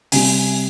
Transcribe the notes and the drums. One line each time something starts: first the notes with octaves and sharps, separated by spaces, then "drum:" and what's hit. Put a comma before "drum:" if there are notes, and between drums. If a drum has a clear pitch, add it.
C3 G3 C4 G#5, drum: open hi-hat